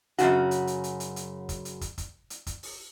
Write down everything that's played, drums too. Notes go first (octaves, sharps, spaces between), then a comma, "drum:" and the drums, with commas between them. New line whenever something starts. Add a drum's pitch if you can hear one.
F#2 A#2 C#3 F#4, drum: hi-hat
drum: hi-hat
drum: hi-hat
drum: hi-hat
drum: hi-hat
drum: hi-hat
drum: kick, hi-hat
drum: hi-hat
drum: kick, hi-hat
drum: kick, hi-hat
drum: hi-hat
drum: kick, hi-hat
drum: open hi-hat